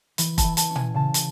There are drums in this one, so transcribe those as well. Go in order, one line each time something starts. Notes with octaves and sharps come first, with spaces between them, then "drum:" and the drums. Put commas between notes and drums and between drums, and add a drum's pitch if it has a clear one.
E3 B5, drum: hi-hat
A5, drum: kick F1, hi-hat
E3
A5, drum: hi-hat
C#4
G#5, drum: tom
C#3 A5
drum: hi-hat